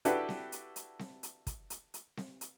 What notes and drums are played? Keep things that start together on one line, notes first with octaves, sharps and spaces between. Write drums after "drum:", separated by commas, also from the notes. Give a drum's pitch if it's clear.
D4 E4 F#4 G4 A4 B4, drum: hi-hat
drum: snare C4
drum: hi-hat
drum: hi-hat
drum: snare C4
drum: hi-hat
drum: kick, hi-hat
drum: hi-hat
drum: hi-hat
drum: snare C4
drum: hi-hat